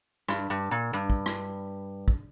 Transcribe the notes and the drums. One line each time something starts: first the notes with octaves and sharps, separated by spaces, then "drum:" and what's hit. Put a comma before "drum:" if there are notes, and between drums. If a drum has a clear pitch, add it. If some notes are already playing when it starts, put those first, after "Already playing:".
G2, drum: rim click
G2
A#2
G2
drum: kick
drum: rim click
drum: kick